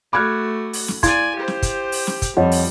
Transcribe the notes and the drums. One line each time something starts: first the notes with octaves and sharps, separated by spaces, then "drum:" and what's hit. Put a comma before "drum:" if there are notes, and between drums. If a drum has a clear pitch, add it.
A3 F#4 B5 D6 F6 F#6 G#6
drum: open hi-hat
drum: snare
E4 D5 F5 G#5 C6 G#6 A6, drum: kick, hi-hat
G4 C5
drum: snare
drum: kick, hi-hat
drum: open hi-hat
drum: snare
drum: kick, hi-hat
F2 G3 C#5 D#5 F#5
drum: open hi-hat